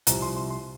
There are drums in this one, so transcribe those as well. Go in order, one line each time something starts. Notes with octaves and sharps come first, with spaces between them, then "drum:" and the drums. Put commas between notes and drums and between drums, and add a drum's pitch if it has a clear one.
C2 C3 F3 C4 A#5, drum: hi-hat
C6
C6
C6